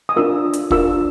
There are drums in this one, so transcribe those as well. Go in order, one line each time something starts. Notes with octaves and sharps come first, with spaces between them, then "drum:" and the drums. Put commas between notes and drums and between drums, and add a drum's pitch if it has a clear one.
D#6
D4 F4 A#4 E6
drum: hi-hat
D4 F4 A#4 E6, drum: kick